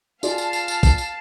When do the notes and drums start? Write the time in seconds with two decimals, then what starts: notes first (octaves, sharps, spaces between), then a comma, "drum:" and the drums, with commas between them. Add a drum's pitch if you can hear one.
0.23 F4 G#4 D5 F5 A5, drum: tambourine
0.38 drum: tambourine
0.53 drum: tambourine
0.68 drum: tambourine
0.83 drum: kick, tambourine
0.98 drum: tambourine